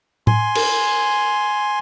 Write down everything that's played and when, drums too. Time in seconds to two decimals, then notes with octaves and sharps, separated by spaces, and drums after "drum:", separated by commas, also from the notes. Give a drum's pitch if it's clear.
0.27 G#5 C6, drum: tom A2
0.55 drum: cymbal